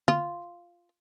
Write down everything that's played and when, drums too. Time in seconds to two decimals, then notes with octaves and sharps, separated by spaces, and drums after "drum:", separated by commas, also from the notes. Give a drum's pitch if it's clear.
0.08 F4, drum: tom